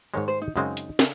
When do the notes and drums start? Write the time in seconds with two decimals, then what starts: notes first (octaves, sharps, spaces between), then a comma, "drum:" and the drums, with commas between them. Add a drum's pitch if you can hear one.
0.14 G#2 D#3 G#3 C#5
0.28 C5
0.42 D#4
0.56 F#2 C#3 G#3 C4 D#4
0.77 drum: hi-hat
0.99 C#3, drum: snare